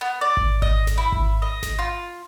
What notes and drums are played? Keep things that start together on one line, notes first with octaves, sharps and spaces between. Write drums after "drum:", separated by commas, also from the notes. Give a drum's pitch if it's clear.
B3
D5
drum: kick G#1
D#5, drum: kick G#1
drum: snare G#1
E4
drum: kick G#1
D#5
drum: snare G#1
F4